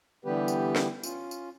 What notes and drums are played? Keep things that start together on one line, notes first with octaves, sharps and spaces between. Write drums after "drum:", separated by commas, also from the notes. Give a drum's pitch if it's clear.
D3 E3 G3 B3 G4 B4
drum: tambourine
drum: snare
C#4 F4, drum: tambourine
drum: tambourine